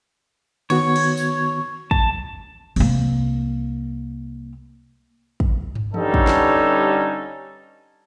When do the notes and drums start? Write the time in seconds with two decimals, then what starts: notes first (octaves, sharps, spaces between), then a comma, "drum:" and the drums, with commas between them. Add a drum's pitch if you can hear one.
0.70 D#3 B3 F#4 C#5, drum: cymbal
0.96 drum: cymbal
1.17 drum: tambourine
1.91 A5, drum: kick
2.76 C2 A#3, drum: cymbal
5.40 drum: kick
5.75 drum: tom
5.94 G2 D3 G3 C#4 D#4 A4, drum: tom E3
6.14 drum: kick
6.27 drum: snare